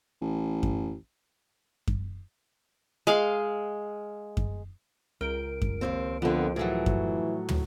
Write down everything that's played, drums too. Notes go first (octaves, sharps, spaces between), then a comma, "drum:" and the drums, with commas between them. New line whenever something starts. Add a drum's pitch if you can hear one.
A1
drum: kick F#2
drum: kick F#2
G#3 F5
drum: kick F#2
C#2 A#4 G5 D7
drum: kick F#2
D#2 G#2 C4
F2 D3 F3 B3
A2 E3 F#3 A3 G#4
drum: kick F#2
drum: tom